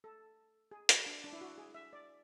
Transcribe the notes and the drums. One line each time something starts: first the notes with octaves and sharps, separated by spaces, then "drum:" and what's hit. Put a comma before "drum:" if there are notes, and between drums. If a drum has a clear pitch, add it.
A4
G#4
F#4, drum: hi-hat
D4
D4
E4
F#4
G#4
E5
D5